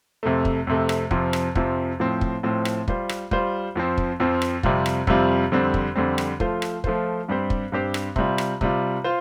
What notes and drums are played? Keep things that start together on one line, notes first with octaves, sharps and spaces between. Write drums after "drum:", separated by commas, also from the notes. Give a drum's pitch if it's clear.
F2 C3 A3
drum: kick
F2 C3 A3
drum: rim click
F2 C3 F3, drum: kick
drum: rim click
F2 C3 F3, drum: kick
A2 F3 C4
drum: kick
A2 F3 C4
drum: rim click
G3 F4 C5, drum: kick
drum: rim click
G3 F4 C5, drum: kick
F2 F3 C4
drum: kick
F2 F3 C4
drum: rim click
F2 C3 G3 F4, drum: kick
drum: rim click
F2 C3 G3 F4, drum: kick
F2 D3 G3 C4
drum: kick
F2 D3 G3 C4
drum: rim click
F3 A3 F4 C5, drum: kick
drum: rim click
F3 A3 F4 C5, drum: kick
G2 G3 C4 G4 C5
drum: kick
G2 G3 C4 G4 C5
drum: rim click
C3 G3 F4, drum: kick
drum: rim click
C3 G3 F4, drum: kick
F4 C5